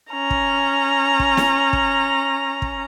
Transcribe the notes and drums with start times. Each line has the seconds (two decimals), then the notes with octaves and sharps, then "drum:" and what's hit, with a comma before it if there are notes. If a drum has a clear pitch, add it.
0.13 C#4 A#5
0.30 drum: kick
1.19 drum: kick
1.37 drum: snare
1.73 drum: kick
2.62 drum: kick